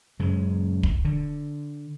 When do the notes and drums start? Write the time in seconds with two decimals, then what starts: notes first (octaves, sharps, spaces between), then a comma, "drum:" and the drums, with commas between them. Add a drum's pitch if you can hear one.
0.19 F#2 C#3 G#3
0.83 drum: kick
1.05 D3